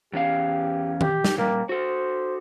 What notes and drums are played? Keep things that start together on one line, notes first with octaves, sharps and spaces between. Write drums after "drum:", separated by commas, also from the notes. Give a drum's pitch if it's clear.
E2 C#4 G4 F5
G4, drum: tom D#3
drum: snare
A#2 G3 A#3
F#4 A4 C5